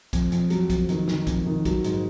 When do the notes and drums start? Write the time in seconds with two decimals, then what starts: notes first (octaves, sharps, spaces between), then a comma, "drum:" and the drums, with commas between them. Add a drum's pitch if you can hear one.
0.13 F2, drum: kick A#1, hi-hat
0.32 F2, drum: hi-hat
0.50 F#3, drum: hi-hat
0.70 F2, drum: kick A#1, hi-hat
0.89 D#3, drum: hi-hat
1.08 D#3, drum: snare
1.27 F2, drum: kick A#1, hi-hat
1.46 D#3
1.65 F#3, drum: kick A#1, hi-hat
1.84 G#2, drum: hi-hat